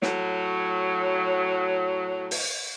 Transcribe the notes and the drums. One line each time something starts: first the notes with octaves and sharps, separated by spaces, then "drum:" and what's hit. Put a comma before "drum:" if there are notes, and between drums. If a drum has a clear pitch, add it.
A2 F#3, drum: snare
drum: open hi-hat